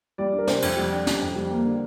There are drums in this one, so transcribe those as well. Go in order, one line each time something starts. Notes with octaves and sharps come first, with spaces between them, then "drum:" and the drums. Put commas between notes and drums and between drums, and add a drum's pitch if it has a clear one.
G3 D5
D4
A#4
C3 C5, drum: snare
F2, drum: cymbal
G3
D4
C3, drum: snare
F2
G3
A#3
D3